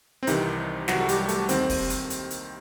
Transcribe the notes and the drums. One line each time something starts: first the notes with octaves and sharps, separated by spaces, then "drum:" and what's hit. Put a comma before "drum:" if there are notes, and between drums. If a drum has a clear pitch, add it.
C4
C2 C3 D#3 E3 D#4, drum: hi-hat
C2 C3 E3 F#3 F#4, drum: snare
A4
G3 G4, drum: hi-hat
A3 A4, drum: hi-hat
D#2 D#3 C4 C5, drum: hi-hat
drum: kick, open hi-hat
drum: hi-hat
drum: hi-hat
drum: hi-hat